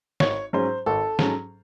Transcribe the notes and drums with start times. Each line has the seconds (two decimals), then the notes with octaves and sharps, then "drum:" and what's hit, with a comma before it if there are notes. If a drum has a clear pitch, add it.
0.20 G#1 C#5, drum: snare
0.53 G#2 F#3 C#4 C5
0.86 G#1 A4
1.19 G#2 F#3 C#4, drum: snare